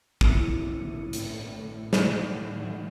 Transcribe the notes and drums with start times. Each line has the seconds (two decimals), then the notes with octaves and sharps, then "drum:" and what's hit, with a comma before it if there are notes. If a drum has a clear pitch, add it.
0.21 B1 E4 C#7 D#7, drum: kick
1.13 A2, drum: hi-hat
1.93 drum: snare
2.60 E3 F#3 G#3